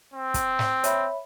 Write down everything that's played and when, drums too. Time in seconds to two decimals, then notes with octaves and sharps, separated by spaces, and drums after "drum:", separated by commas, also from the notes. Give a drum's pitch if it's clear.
0.14 C4
0.34 drum: kick, hi-hat
0.59 drum: snare
0.84 C#5 E5 B5, drum: hi-hat